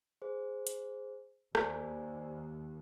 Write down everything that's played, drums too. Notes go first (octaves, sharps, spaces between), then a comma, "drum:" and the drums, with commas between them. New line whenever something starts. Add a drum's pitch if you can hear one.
G#4 C5
drum: hi-hat
D#2 C5 D5 G#5, drum: rim click